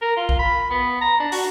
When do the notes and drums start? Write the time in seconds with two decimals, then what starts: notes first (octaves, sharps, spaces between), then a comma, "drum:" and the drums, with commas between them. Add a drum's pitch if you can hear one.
0.02 A#4
0.16 F4
0.29 drum: kick B1
0.39 B5
0.70 B3
1.01 A#5
1.20 D4
1.32 F#4, drum: open hi-hat